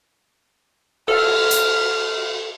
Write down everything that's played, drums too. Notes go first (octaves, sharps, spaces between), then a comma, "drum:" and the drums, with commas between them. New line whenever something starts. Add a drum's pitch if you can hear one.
A4 F6, drum: cymbal
drum: hi-hat